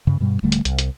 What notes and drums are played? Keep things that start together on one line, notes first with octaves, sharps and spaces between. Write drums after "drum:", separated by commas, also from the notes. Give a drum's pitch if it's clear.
G2 C#3
G2 B2 G3
D#1 D3 G3 A3
drum: hi-hat
C2, drum: hi-hat
drum: hi-hat